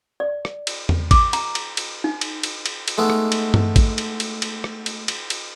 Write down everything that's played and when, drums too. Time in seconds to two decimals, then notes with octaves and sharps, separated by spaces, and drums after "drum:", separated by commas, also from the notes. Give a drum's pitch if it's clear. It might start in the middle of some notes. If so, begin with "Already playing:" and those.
0.20 D5
0.45 drum: rim click
0.67 drum: cymbal
0.89 drum: tom E2
1.11 D6, drum: kick G#1, cymbal
1.33 A#5, drum: cymbal
1.55 drum: cymbal
1.77 drum: cymbal
2.04 D#4
2.21 drum: cymbal
2.43 drum: cymbal
2.66 drum: cymbal
2.88 drum: cymbal
2.98 G#3 A3 B3 D#4
3.10 drum: rim click
3.32 drum: cymbal
3.54 drum: tom G2
3.76 drum: kick G#1, cymbal
3.98 drum: cymbal
4.20 drum: cymbal
4.42 drum: cymbal
4.64 drum: rim click
4.86 drum: cymbal
5.08 drum: cymbal
5.30 drum: cymbal